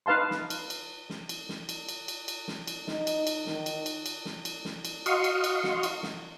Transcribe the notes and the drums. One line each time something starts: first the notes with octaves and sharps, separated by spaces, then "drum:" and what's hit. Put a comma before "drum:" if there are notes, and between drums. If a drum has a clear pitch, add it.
D#4 B4 F5 A5 C6
drum: snare
drum: cymbal
drum: cymbal
drum: snare
drum: cymbal
drum: snare
drum: cymbal
drum: cymbal
drum: cymbal
drum: cymbal
drum: snare
drum: cymbal
D#4, drum: snare
drum: cymbal
drum: cymbal
D#3, drum: snare
drum: cymbal
drum: cymbal
drum: cymbal
drum: snare
drum: cymbal
drum: snare
drum: cymbal
F#4 D#5 F5 C6 C#6, drum: cymbal
drum: cymbal
drum: cymbal
drum: snare
drum: cymbal
drum: snare